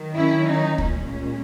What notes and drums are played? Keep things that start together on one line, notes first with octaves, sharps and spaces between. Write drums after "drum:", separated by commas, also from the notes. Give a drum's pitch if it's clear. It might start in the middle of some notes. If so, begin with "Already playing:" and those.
Already playing: D#3 F#3
C#4 E4
D#4
A#2 G#3 C#4, drum: kick